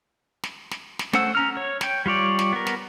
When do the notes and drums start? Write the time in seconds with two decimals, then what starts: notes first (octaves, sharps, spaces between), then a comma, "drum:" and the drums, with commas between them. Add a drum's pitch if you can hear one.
0.43 drum: snare
0.71 drum: snare
0.99 drum: snare
1.13 A3 C#4 C5 F#5 E6, drum: snare
1.35 C#4 A#5 F6
1.57 C#5
1.81 C#5 G5, drum: snare
2.06 G3 F4 C#5 D5
2.39 drum: snare
2.53 B3 A#4
2.67 drum: snare